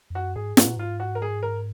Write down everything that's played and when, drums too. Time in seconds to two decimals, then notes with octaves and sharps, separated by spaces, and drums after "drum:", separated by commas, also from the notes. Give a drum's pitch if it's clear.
0.10 F2
0.15 F#2 F#4
0.36 G#2 G#4
0.57 G#2 F#4, drum: snare
0.67 A#2
0.77 G#2 F4
1.00 F#4
1.15 A#4
1.22 G#4
1.43 A#4